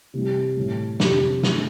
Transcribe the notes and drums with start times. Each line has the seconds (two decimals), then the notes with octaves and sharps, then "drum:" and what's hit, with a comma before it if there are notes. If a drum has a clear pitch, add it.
0.14 C3 E3 G3
0.56 A2 E3 G3
1.00 F2 C3 G3 D4 G4, drum: snare
1.43 E3 A3 D4, drum: snare